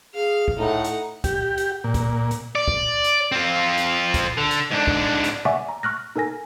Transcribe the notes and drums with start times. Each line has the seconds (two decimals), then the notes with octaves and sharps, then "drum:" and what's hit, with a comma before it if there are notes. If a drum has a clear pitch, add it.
0.14 G#4 F5 F6
0.48 drum: kick
0.58 A2 D#4 A4 F#5
0.84 drum: hi-hat
1.24 G4, drum: kick, hi-hat
1.58 drum: hi-hat
1.84 A#2
1.94 drum: kick, hi-hat
2.31 drum: hi-hat
2.55 D5
2.68 drum: kick
3.04 drum: hi-hat
3.32 C4 F4
3.78 drum: hi-hat
4.14 drum: kick, hi-hat
4.38 D3
4.51 drum: hi-hat
4.72 G#2 D4
4.87 drum: kick
5.24 drum: hi-hat
5.45 D5 E5 F#5 G#5 C#6 D6
5.69 A#5
5.83 C#6 F6 F#6 A#6
6.16 D#4 A4 A#4 G#5 A#6